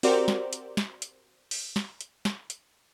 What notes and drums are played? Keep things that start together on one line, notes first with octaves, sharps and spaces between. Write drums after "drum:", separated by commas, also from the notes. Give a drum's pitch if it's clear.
C4 F#4 G4 A#4 C5 D5, drum: open hi-hat
drum: snare
drum: hi-hat
drum: snare
drum: hi-hat
drum: open hi-hat
drum: snare
drum: hi-hat
drum: snare
drum: hi-hat